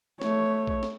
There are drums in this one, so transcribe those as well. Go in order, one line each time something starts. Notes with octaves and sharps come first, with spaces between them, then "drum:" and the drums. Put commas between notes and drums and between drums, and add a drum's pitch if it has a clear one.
A3 C#5, drum: snare
drum: kick A#1
drum: snare